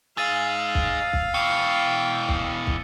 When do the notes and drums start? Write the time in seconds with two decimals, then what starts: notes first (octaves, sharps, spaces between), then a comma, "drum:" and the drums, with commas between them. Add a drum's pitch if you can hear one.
0.17 D#4 G#4 F5 E6 A6 D#7
0.75 drum: kick
1.13 drum: kick
1.34 B2 E3 G5 D6 C#7
2.29 drum: kick
2.67 drum: kick